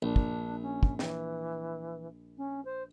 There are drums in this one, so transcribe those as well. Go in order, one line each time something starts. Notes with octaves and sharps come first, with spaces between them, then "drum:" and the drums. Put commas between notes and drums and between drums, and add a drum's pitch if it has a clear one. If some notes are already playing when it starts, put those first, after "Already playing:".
A#1 D4
drum: kick
C#4
drum: kick
E3, drum: snare
C#4
C5